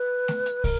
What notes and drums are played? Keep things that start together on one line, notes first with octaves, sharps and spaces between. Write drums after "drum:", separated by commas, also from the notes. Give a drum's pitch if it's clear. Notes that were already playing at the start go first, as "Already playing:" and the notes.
Already playing: B4
drum: snare A3
drum: hi-hat
A#4, drum: kick, open hi-hat